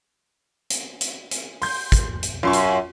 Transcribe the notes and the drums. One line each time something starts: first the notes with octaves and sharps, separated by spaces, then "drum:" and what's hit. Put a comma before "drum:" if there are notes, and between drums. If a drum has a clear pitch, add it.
drum: hi-hat
drum: hi-hat
drum: hi-hat
C6 G6, drum: open hi-hat
drum: kick, hi-hat
drum: hi-hat
F#2 F4 C6 C#6
drum: hi-hat